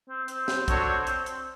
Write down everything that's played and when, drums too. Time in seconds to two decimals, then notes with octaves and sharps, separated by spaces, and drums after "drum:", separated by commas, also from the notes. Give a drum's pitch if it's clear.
0.09 C4
0.28 C4, drum: hi-hat
0.48 drum: snare
0.68 D4 F#4 A4 C#5, drum: kick, hi-hat
1.07 drum: hi-hat
1.26 drum: hi-hat